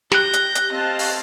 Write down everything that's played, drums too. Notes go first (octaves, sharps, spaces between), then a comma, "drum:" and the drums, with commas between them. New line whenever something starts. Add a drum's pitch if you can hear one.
G4 F#6 G6 A#6, drum: snare
drum: hi-hat
drum: hi-hat
C4 D#5 F5 A5
drum: open hi-hat